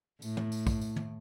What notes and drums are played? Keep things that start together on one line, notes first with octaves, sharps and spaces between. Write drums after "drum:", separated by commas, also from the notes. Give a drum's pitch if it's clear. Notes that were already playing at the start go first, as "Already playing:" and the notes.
A2, drum: tambourine
drum: tom
drum: tambourine
drum: kick, tambourine
drum: tambourine
drum: tom